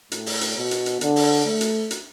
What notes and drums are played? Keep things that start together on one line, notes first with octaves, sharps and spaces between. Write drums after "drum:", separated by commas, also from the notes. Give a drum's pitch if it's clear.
A2, drum: hi-hat
drum: open hi-hat
drum: hi-hat
B2
drum: hi-hat
drum: hi-hat
D3, drum: hi-hat
drum: open hi-hat
A3
drum: hi-hat
drum: hi-hat